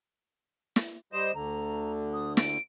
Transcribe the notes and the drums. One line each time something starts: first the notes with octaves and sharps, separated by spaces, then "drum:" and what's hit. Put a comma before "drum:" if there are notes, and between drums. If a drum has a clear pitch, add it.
drum: snare
G3 C5 D#5 E7
D2 D3 A#5
D#6
D7, drum: snare